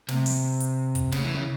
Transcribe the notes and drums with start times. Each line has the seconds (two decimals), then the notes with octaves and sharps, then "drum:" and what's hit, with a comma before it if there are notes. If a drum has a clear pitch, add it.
0.08 C3, drum: snare
0.26 drum: open hi-hat
0.60 drum: hi-hat
0.95 drum: kick, hi-hat
1.12 C#3, drum: snare
1.24 E3
1.35 C#3